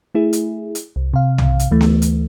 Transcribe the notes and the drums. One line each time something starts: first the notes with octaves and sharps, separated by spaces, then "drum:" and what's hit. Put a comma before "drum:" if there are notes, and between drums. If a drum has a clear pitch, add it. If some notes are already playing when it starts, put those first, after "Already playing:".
A3 E4 G#4
drum: hi-hat
drum: hi-hat
C2
C3 F5
drum: tom
drum: hi-hat
D2 E3 A3
drum: snare B3
drum: hi-hat